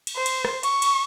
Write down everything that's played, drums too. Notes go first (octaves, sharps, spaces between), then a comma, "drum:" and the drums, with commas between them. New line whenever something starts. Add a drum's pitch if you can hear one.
drum: cymbal
C5
drum: cymbal
drum: rim click
C#6, drum: cymbal
drum: cymbal